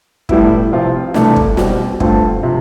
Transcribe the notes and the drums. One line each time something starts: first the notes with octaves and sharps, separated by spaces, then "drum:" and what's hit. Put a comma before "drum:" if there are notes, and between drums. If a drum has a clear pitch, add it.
A2 G3 B3 E4, drum: kick
C3 F3 C4 F4
C2 C3 E3 A3 D4, drum: snare
drum: kick
B2 G3 C4, drum: snare
G2 D3 A3 C4 F4, drum: kick
C3 F3